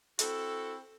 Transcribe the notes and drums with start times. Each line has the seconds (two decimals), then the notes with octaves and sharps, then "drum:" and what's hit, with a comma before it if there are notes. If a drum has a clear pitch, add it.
0.19 C4 E4 F#4 A4, drum: hi-hat